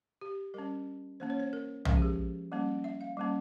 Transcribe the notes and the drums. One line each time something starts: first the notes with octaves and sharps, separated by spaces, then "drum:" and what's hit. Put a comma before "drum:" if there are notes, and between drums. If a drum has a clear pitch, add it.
G4
G3 C#4 A#4
E3 A#3 C#4 C5
C#5
C5
A#4
F3 G#3 C#4 A#4, drum: tom
G4
G#4
G3 A#3 C#4
E5
F5
G3 A#3 C#4